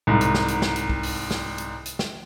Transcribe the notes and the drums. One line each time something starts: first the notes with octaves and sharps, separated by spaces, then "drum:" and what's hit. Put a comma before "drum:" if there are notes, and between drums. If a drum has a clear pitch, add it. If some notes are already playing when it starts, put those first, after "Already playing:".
C2 G#2
drum: hi-hat
drum: snare
drum: hi-hat
drum: snare
drum: hi-hat
drum: kick
drum: open hi-hat
drum: snare
drum: hi-hat
drum: hi-hat
drum: snare